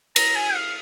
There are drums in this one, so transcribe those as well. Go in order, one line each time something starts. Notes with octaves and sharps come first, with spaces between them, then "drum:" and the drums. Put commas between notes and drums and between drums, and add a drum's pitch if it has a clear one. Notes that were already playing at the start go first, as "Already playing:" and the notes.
A#5, drum: cymbal
G#5
F5